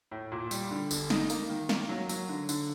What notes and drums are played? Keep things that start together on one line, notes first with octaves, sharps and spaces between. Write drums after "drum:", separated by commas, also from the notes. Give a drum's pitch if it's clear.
A2
A#2
G3, drum: tambourine
D3
G1, drum: tambourine
D#4, drum: snare
A#3, drum: tambourine
D#3
A#3, drum: snare
F#3
F#3, drum: tambourine
D3
D3, drum: tambourine